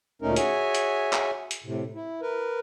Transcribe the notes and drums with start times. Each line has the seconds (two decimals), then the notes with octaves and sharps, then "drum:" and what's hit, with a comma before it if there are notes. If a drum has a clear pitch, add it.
0.22 D2 A#2 A3 C#4 D#4 A#4
0.36 F#4 G#4 C#5 E5 G#5, drum: hi-hat
0.75 drum: hi-hat
1.13 drum: clap
1.51 drum: hi-hat
1.64 A2 C3
1.95 E4
2.21 A#4 B4